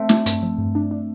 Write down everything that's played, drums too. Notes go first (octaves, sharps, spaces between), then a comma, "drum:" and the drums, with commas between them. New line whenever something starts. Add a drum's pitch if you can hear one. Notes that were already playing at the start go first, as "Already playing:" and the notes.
Already playing: A3 C4
D4, drum: snare
G2, drum: hi-hat
F3
G2
D4
D4